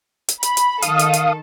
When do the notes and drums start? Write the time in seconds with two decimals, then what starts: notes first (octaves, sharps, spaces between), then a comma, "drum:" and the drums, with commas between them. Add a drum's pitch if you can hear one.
0.29 drum: hi-hat
0.43 B5, drum: hi-hat
0.57 drum: hi-hat
0.82 D#3 A4 F5 D#6, drum: hi-hat
0.99 drum: hi-hat
1.13 drum: hi-hat